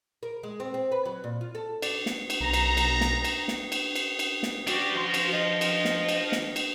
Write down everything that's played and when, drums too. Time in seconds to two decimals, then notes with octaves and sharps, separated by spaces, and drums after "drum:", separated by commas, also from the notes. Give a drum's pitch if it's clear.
0.23 A#4
0.43 G#3
0.60 C4
0.74 C4
0.92 B4
1.05 F#3
1.24 A#2
1.41 F4
1.55 A4
1.82 D5, drum: cymbal
2.06 drum: snare
2.30 drum: cymbal
2.41 B1 A#5
2.53 drum: cymbal
2.77 drum: cymbal
3.01 drum: snare
3.24 drum: cymbal
3.48 drum: snare
3.72 drum: cymbal
3.95 drum: cymbal
4.19 drum: cymbal
4.43 drum: snare
4.67 F#4 G4 D5, drum: cymbal
4.95 F3 C6
5.14 drum: cymbal
5.31 D#5
5.61 drum: cymbal
5.85 drum: snare
6.09 drum: cymbal
6.32 drum: snare
6.56 drum: cymbal